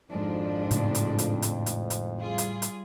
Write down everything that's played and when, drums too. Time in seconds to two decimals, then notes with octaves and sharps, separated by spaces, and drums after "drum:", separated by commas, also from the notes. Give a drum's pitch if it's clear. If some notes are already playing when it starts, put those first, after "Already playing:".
0.10 G#1 F2 G#2 F3 D4
0.71 A2 C#3, drum: hi-hat
0.95 drum: hi-hat
1.18 drum: hi-hat
1.42 drum: hi-hat
1.66 drum: hi-hat
1.90 drum: hi-hat
2.20 G3 F4 G#4
2.38 drum: hi-hat
2.62 drum: hi-hat